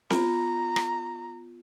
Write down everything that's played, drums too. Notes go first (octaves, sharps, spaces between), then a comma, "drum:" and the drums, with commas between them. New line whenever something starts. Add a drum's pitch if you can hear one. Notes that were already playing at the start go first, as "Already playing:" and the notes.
B3 F4 A#5, drum: snare C4
drum: rim click